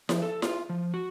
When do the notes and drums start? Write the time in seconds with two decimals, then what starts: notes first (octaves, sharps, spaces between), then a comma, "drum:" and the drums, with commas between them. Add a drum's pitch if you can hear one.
0.09 F3, drum: snare E4
0.22 A4
0.42 F4, drum: snare E4
0.69 F3
0.94 F#4